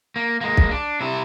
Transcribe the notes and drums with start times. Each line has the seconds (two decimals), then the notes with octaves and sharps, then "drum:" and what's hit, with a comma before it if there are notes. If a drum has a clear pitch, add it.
0.16 A#3
0.41 G#3 A#3
0.57 drum: kick
0.71 D4
1.01 C3 E4